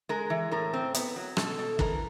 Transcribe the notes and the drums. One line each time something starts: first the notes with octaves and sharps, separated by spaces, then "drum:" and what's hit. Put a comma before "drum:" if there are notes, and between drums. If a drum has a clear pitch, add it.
G#3 A#4
E3
A2 A#4
C4
B3, drum: hi-hat
F#3
B2 A4, drum: rim click
B2
E3 A#4, drum: kick